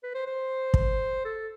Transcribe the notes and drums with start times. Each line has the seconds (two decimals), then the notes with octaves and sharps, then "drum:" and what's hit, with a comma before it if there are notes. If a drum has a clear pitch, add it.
0.03 B4
0.14 C5
0.27 C5
0.74 drum: kick
1.25 A4